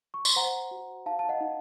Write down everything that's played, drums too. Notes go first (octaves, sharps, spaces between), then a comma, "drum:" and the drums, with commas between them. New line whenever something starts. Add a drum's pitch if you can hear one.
C#6
C6, drum: tambourine
C5 F#5 A#5
F#4
D#4 F5 A5
A5
D#5 F#5
D#4